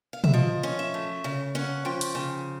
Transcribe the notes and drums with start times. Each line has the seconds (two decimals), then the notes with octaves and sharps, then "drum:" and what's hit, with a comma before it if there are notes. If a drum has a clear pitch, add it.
0.13 F5
0.24 E5, drum: tom
0.33 F3 D#5
0.63 C#4
0.79 E5
0.94 A3
1.24 C#3
1.55 C#4 F#5
1.85 F3 G5
2.01 drum: hi-hat
2.15 C#3